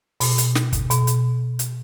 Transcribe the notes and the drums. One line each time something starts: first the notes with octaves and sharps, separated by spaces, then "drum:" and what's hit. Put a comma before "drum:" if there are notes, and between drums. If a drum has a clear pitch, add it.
B2, drum: open hi-hat
drum: hi-hat
drum: snare
drum: kick, hi-hat
B2, drum: hi-hat
drum: hi-hat
drum: hi-hat